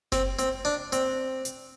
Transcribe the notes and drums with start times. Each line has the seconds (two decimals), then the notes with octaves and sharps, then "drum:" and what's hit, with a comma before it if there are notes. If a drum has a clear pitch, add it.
0.12 C4, drum: snare F#1
0.39 C4, drum: hi-hat
0.65 D4
0.92 C4, drum: hi-hat
1.45 drum: hi-hat